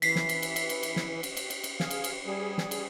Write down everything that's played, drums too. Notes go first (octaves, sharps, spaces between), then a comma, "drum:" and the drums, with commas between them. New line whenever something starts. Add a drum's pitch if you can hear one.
E3 B6 C7, drum: cymbal
drum: snare
drum: cymbal
drum: cymbal
drum: cymbal
drum: cymbal
drum: cymbal
drum: snare
drum: cymbal
drum: cymbal
drum: cymbal
drum: cymbal
G#4 F5, drum: snare
drum: cymbal
drum: cymbal
G3 G#4
drum: snare
drum: cymbal